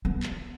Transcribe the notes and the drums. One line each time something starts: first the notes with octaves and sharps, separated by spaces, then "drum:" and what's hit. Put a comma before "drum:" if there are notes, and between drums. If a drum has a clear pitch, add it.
B3
drum: clap